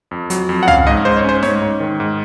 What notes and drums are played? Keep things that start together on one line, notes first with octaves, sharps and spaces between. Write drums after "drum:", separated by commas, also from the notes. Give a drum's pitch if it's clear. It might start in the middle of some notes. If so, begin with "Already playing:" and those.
F2
F#3, drum: hi-hat
F2
F#5
C#4 F5, drum: tom
G#2 D#5
G#2 C5
C#5
C#4 C5
G#2 C#5, drum: snare
G#2
D#3
G#2